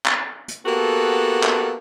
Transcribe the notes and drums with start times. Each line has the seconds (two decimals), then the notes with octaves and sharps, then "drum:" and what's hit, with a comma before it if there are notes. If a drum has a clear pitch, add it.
0.05 drum: clap
0.48 drum: hi-hat
0.66 A#3 B3 F#4 G4 A4
1.43 drum: clap